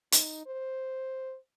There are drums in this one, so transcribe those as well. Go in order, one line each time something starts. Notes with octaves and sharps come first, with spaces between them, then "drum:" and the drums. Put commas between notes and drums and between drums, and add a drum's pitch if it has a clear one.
D#4, drum: hi-hat
C5